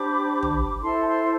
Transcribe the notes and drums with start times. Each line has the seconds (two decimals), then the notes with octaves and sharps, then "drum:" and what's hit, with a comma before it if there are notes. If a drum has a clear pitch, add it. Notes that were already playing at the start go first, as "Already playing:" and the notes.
Already playing: D4 G4 C5 B5 D6
0.43 drum: tom
0.82 E4 A4 C5 A5 C6
1.07 A5 C6